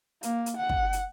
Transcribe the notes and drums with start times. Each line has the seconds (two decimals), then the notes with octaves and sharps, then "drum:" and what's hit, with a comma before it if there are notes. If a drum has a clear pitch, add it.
0.23 A#3, drum: hi-hat
0.46 drum: hi-hat
0.57 F#5
0.69 drum: kick
0.93 drum: hi-hat